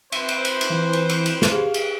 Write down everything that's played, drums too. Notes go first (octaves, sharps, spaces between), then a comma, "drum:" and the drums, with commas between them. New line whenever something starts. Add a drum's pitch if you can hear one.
C4 B4 C5 E5 D#7, drum: cymbal
drum: cymbal
drum: cymbal
drum: cymbal
E3
drum: cymbal
drum: cymbal
drum: cymbal
drum: snare
G4 G#4 F5
drum: cymbal